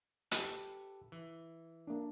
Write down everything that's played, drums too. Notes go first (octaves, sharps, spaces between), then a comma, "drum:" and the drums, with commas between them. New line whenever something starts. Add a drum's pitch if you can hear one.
G4 A4 B4, drum: hi-hat
E3
A#3 D4